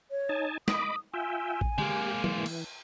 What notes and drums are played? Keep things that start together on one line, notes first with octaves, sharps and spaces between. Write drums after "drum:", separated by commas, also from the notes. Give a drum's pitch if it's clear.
C#5
D#4 G#5 A5
D#5 B5 D6 D#6, drum: snare
F4 E5 G5 G#5
drum: kick A1
G#3 A#3 G4, drum: tom
E3, drum: tom
drum: cymbal